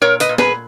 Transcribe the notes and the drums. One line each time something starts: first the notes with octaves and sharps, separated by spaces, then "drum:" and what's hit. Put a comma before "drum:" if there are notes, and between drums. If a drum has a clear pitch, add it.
A#2 A#4 C#5
B4 D#5, drum: hi-hat
A#2
G#4 B4, drum: snare